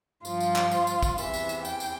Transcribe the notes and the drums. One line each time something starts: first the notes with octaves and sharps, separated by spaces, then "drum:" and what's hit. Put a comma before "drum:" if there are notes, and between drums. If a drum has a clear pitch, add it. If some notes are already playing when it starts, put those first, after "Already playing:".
G2 F3 F4, drum: tambourine
drum: tambourine
drum: clap
drum: tambourine
drum: tambourine
drum: kick, tambourine
E2 C3 E3 E5, drum: tambourine
drum: tambourine
drum: tambourine
G5, drum: tambourine
drum: tambourine